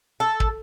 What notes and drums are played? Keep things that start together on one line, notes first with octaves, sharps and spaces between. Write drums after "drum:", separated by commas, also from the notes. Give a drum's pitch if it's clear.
A4
drum: kick